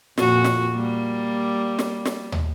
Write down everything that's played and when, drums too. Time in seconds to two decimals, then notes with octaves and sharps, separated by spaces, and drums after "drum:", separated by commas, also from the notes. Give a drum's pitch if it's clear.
0.18 F2 A#2 F#4, drum: snare
0.44 drum: snare
0.73 G3 A#3
1.79 drum: snare
2.05 drum: snare
2.32 drum: tom